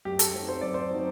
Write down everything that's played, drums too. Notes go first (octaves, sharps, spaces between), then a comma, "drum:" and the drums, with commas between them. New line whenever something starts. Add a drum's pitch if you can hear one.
F#2 G4
A4, drum: hi-hat
F#3 C4 D#4
C5
F#2 D5
C5
F#3 C4 D#4